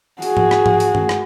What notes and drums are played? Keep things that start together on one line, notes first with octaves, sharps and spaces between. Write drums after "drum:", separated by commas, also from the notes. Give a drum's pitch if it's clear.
F#4 G#4, drum: open hi-hat
drum: tom G#2
drum: rim click
drum: tom G#2
drum: open hi-hat
drum: tom
drum: rim click